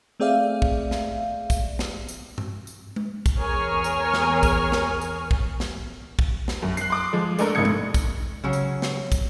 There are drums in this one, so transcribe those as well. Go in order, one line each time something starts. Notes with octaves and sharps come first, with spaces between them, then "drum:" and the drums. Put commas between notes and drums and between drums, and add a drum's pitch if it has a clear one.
A3 C4 G#4 D5 E5 F5
drum: kick
drum: snare
drum: kick, tambourine
drum: snare
drum: tambourine
drum: tom G2
drum: tambourine
drum: tom G#3
drum: kick, tambourine
E2 G#4 A#4 C#5 G#5 F6
drum: tambourine
drum: snare
drum: kick, tambourine
drum: snare
drum: tambourine
drum: kick
drum: snare
drum: kick
drum: snare
F#2
F#6 C7, drum: tambourine
C6 D6 D#6
F3 G#3
G#3 A3 D4 A4 A#4, drum: tambourine
G#1 A2 C3 D#6 G#6 C#7
drum: tom G#3
drum: kick, tambourine
C#3 F#3 C#5
drum: tambourine
drum: snare
drum: kick, tambourine